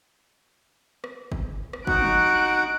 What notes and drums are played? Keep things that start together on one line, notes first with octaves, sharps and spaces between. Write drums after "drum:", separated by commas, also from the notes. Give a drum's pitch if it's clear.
drum: rim click
drum: kick
drum: rim click
D#4 F#4 F#5 F#6 D7, drum: kick
drum: tom